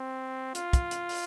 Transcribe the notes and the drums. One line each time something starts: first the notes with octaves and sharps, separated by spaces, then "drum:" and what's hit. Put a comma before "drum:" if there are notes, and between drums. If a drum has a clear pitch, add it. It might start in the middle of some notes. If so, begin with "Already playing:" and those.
Already playing: C4
F4, drum: hi-hat
drum: kick, hi-hat
drum: hi-hat
drum: open hi-hat